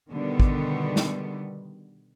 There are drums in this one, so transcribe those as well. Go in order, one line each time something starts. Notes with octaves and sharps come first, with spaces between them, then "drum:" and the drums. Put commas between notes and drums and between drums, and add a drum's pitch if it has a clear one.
B2 D3 D#3 G3 B3
drum: kick G#1
drum: snare